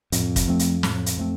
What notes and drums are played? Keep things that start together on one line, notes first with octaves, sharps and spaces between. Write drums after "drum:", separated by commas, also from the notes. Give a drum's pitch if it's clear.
F2 A2, drum: hi-hat
drum: kick, hi-hat
F3 A3 C4
drum: hi-hat
A2, drum: snare
drum: hi-hat
F3 A3 C4